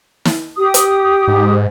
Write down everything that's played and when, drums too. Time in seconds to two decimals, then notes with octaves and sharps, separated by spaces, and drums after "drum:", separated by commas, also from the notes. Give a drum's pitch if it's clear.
0.25 drum: snare
0.56 G4 D#6
0.74 drum: hi-hat
1.28 G#2